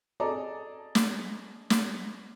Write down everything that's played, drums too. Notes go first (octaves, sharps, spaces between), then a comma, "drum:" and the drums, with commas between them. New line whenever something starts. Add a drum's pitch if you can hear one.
G#4 A4 D5 D#5 A5 A#5
drum: snare
drum: snare